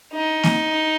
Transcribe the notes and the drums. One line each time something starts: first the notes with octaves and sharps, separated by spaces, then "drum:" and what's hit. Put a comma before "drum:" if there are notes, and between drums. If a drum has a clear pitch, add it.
D#4
drum: snare A#3